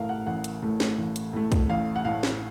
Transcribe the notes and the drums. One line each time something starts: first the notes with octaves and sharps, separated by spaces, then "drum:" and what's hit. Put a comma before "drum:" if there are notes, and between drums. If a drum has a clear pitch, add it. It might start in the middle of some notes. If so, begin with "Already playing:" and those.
Already playing: A1 A2 A3 A#4 F5
F#5
A1 F#5
drum: hi-hat
A2 A3
drum: snare
A1
drum: hi-hat
A2 A3
drum: kick, hi-hat
A1 F5
F#5
A2 A3 F5
drum: snare